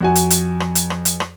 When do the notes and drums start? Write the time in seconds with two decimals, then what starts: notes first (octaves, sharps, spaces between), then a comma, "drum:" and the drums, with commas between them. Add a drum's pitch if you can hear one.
0.01 F2 F#4 G#5
0.15 drum: hi-hat
0.30 drum: hi-hat
0.60 drum: rim click
0.75 drum: hi-hat
0.90 drum: rim click
1.05 drum: hi-hat
1.20 drum: rim click